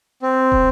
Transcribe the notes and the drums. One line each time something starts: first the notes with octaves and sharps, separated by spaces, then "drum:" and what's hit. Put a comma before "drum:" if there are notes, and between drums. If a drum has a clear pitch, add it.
C4
drum: kick